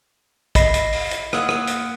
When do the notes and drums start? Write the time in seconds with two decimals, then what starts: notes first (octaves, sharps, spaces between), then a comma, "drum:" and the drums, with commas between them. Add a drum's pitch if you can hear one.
0.55 D#5 E5 B5 A#6 C7, drum: kick, hi-hat
0.74 drum: hi-hat
0.93 drum: open hi-hat
1.11 drum: hi-hat
1.33 A#3 F#5 D#6 F6 F#6, drum: rim click
1.49 drum: rim click
1.67 drum: hi-hat